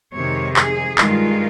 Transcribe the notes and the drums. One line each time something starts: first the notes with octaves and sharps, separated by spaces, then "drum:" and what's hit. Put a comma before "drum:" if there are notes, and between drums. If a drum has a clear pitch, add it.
F2 C3 D#3 G#3 C#5
G#4, drum: clap
G2 D#3 G#3 F4, drum: clap